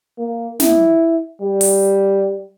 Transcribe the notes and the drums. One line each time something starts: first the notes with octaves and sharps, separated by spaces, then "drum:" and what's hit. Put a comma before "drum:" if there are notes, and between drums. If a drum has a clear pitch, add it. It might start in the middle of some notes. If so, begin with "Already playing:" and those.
A#3
E4, drum: snare
G3
drum: open hi-hat